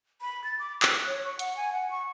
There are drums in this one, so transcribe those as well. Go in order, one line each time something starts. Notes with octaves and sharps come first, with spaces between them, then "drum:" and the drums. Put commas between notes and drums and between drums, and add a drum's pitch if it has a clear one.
B5
A6
D6
F#6, drum: clap
C#5
C#6
F#5, drum: hi-hat
G#5
F#5
C#6